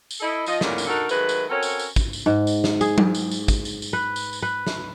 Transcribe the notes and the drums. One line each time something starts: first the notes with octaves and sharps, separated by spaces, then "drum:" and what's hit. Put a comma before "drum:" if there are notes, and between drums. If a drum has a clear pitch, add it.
drum: tambourine
E4 A4 D#5
F3 D#5, drum: tambourine
E2 A#2 D3 D#3 A#3 C#4, drum: snare
drum: tambourine
D4 D#4 F#4 A4 A#4
D#3 F#3 G#3 A3 B4, drum: tambourine
drum: tambourine
C4 C#4 F#4 A4 A#4 C#5
drum: tambourine
drum: tambourine
drum: kick, tambourine
drum: tambourine
G#2
drum: tambourine
drum: snare
G#4, drum: tambourine
drum: tom F#3
drum: tambourine
drum: tambourine
drum: kick, tambourine
drum: tambourine
drum: tambourine
B4
drum: tambourine
drum: tambourine
B4
drum: snare